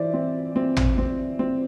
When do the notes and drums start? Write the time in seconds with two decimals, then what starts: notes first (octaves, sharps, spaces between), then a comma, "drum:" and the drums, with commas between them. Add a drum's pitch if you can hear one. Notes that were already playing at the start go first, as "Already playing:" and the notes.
Already playing: E3 C5 D5 E5
0.14 C4
0.56 C4
0.77 drum: tom
0.98 C4
1.39 C4